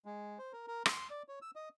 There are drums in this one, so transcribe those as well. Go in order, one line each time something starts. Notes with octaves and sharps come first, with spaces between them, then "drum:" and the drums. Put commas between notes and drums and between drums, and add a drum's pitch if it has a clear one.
G#3
C5
A#4
A#4
C6, drum: rim click
D5
C#5
E6
D#5